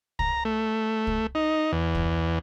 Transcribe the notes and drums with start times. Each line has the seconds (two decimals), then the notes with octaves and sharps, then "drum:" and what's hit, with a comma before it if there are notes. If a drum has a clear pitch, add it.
0.19 A#5, drum: kick
0.45 A3
1.07 drum: kick
1.35 D#4
1.72 E2
1.95 drum: kick